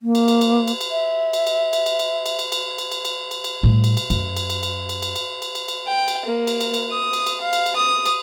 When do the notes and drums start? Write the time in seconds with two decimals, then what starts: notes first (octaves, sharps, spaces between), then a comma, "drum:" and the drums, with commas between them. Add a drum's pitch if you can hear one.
0.03 A#3
0.15 drum: cymbal
0.28 drum: cymbal
0.41 drum: cymbal
0.67 drum: cymbal
0.81 drum: cymbal
0.91 E5
1.33 drum: cymbal
1.47 drum: cymbal
1.73 drum: cymbal
1.86 drum: cymbal
1.99 drum: cymbal
2.26 drum: cymbal
2.39 drum: cymbal
2.52 drum: cymbal
2.78 drum: cymbal
2.92 drum: cymbal
3.05 drum: cymbal
3.31 drum: cymbal
3.44 drum: cymbal
3.63 A2 G3
3.84 drum: cymbal
3.97 drum: cymbal
4.10 F#2, drum: cymbal
4.36 drum: cymbal
4.50 drum: cymbal
4.63 drum: cymbal
4.89 drum: cymbal
5.02 drum: cymbal
5.16 drum: cymbal
5.42 drum: cymbal
5.55 drum: cymbal
5.68 drum: cymbal
5.87 G5
6.08 drum: cymbal
6.25 A#3
6.47 drum: cymbal
6.61 drum: cymbal
6.74 drum: cymbal
6.91 D#6
7.13 drum: cymbal
7.26 drum: cymbal
7.41 F5
7.53 drum: cymbal
7.66 drum: cymbal
7.76 D#6
8.05 drum: cymbal